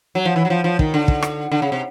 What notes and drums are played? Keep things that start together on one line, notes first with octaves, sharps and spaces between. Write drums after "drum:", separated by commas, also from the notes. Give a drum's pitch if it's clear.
F#3
F3
E3
F#3
F3
F3
D#3, drum: kick
D3
drum: kick
drum: rim click
D3
C#3
C3